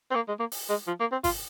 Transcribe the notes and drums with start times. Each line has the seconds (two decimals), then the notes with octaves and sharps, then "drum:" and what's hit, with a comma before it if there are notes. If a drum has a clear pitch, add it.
0.11 C4
0.15 A#3
0.28 G#3
0.39 A#3
0.52 drum: open hi-hat
0.69 G#3
0.87 F3
1.00 A#3
1.12 C4
1.24 F4, drum: kick, open hi-hat